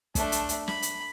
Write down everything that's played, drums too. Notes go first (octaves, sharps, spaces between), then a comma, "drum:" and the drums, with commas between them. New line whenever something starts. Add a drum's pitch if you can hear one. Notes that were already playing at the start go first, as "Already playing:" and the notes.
A3 D4, drum: kick, hi-hat
drum: hi-hat
drum: hi-hat
B5, drum: snare
drum: hi-hat